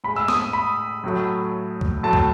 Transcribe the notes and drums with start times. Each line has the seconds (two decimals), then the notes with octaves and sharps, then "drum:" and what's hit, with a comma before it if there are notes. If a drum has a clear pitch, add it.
0.04 A2 G#3 B5
0.16 E6
0.28 D#6, drum: snare
0.53 B5
1.04 A2 F#3 A3
1.81 drum: kick
2.03 A2 F#3 A3 A5
2.13 drum: kick